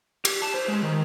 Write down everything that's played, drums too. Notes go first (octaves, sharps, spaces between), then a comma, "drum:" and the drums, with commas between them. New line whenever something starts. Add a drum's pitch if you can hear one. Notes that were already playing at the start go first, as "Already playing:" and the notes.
G4, drum: cymbal
A5
C5
G#3
D#3